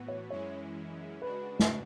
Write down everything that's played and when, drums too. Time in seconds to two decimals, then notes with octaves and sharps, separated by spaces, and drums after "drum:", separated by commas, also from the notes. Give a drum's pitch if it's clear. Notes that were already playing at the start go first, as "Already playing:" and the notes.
Already playing: A2 E3 B3 F#4
0.08 C#5
0.30 F#2 E3 G#3 C#4 E4 C#5
1.21 C#3 G#3 D4 F#4 B4
1.60 drum: snare